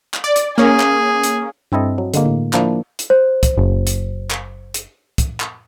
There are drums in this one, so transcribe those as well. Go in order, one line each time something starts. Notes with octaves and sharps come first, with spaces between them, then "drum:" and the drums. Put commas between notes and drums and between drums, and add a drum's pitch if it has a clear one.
drum: clap
D5
drum: hi-hat
A#3 C#4 G#4
drum: clap
drum: hi-hat
G2 C4 E4 A4 D#5
F#3
D3 G#3 A#3, drum: hi-hat
A2
F3 A#3 D4 E4, drum: clap
drum: hi-hat
C5
drum: kick, hi-hat
F#1
drum: hi-hat
drum: clap
drum: hi-hat
drum: kick, hi-hat
drum: clap